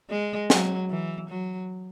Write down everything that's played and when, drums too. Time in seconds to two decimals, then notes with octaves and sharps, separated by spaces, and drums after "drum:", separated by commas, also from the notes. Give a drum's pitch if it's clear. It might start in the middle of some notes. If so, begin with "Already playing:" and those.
0.10 G#3
0.50 F#3, drum: snare
0.90 E3
1.30 F#3